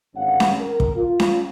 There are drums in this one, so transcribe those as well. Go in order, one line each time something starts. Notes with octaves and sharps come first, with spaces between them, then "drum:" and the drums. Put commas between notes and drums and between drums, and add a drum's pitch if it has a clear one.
G#1 G2 D3 C#4 F5 F#5
drum: snare C#4
A#4
drum: kick
F4
drum: snare C#4